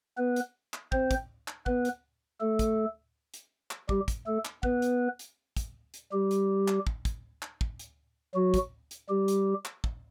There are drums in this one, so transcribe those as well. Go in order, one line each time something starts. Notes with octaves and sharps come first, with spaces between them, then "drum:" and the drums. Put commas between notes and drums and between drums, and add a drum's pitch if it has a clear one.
B3 B4
drum: hi-hat
drum: clap
C4 C5, drum: kick
drum: kick, hi-hat
drum: clap
B3 B4, drum: kick
drum: hi-hat
A3 A4
drum: kick, hi-hat
drum: hi-hat
drum: clap
G3 G4, drum: kick
drum: kick, hi-hat
A3 A4
drum: clap
B3 B4, drum: kick
drum: hi-hat
drum: hi-hat
drum: kick, hi-hat
drum: hi-hat
G3 G4
drum: hi-hat
drum: clap
drum: kick
drum: kick, hi-hat
drum: clap
drum: kick
drum: hi-hat
F#3 F#4
drum: kick, hi-hat
drum: hi-hat
G3 G4
drum: hi-hat
drum: clap
drum: kick